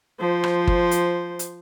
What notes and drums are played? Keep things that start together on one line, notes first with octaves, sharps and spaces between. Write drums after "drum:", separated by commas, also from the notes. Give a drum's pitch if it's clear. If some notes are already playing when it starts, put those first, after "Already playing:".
F3 C5
drum: rim click
drum: kick G1
drum: hi-hat
drum: hi-hat